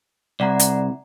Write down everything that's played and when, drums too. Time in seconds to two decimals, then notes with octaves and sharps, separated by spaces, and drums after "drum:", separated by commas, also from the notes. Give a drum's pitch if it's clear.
0.40 C2 D5 F#5 A#5
0.59 drum: hi-hat